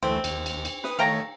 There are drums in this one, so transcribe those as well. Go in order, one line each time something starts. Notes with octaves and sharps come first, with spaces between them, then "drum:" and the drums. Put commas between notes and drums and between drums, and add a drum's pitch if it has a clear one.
D2 E3 A3 C4
D#2, drum: cymbal
drum: cymbal
drum: cymbal
B4 D#6, drum: snare
D#3 A3 C#5 F5 G5 A#5